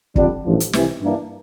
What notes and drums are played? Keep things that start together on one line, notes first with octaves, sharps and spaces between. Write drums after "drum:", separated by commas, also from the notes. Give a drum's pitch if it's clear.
F2 D3 G3 D4, drum: kick
A1 G2 F3
drum: hi-hat
C2 C3 E3, drum: snare
G2 E3 A#3 D4